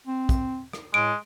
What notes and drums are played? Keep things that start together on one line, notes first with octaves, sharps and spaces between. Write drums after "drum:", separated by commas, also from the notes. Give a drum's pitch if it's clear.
C4
drum: kick, hi-hat
drum: rim click
A2 G#3 D7